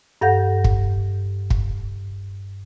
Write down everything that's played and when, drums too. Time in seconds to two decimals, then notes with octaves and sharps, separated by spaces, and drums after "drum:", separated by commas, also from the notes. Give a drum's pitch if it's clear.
0.21 G2 A4 F5 F#5 G6 A#6
0.64 drum: kick
1.50 drum: kick